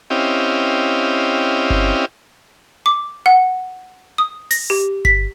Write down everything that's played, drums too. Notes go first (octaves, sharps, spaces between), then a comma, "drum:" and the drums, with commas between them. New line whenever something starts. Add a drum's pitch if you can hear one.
C4 C#4 E4 G4 D#5 F5
drum: kick G1
D6
F#5
D#6
A#6, drum: open hi-hat
G4
B6, drum: kick G1